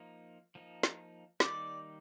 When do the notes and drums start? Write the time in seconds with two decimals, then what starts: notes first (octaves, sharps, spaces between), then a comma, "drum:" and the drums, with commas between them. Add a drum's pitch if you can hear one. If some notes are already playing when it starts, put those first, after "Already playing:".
Already playing: F3 A#3 D#4
0.55 F3 A#3 D#4
0.83 drum: snare
1.40 D#3 G3 A#3 D#4 D5, drum: snare